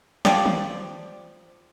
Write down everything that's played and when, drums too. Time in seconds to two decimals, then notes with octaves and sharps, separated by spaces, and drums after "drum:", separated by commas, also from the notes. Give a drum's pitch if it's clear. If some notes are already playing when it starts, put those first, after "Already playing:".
0.25 F3 G4 D5, drum: snare
0.46 drum: tom